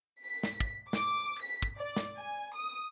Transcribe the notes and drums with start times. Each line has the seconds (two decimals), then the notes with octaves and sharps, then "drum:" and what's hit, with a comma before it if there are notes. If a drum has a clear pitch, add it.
0.24 B6
0.43 drum: snare
0.60 drum: kick
0.93 D6, drum: snare
1.42 B6
1.62 drum: kick
1.79 D5
1.96 drum: snare
2.19 G#5
2.56 D#6